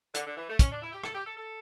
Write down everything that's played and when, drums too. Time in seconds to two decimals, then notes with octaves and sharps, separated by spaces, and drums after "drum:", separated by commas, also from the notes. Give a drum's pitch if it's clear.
0.15 D3, drum: hi-hat
0.26 D3
0.37 E3
0.48 A3
0.59 C#4, drum: kick, hi-hat
0.71 D4
0.82 E4
0.93 G4
1.04 A4, drum: rim click
1.15 G4
1.26 A4
1.37 A4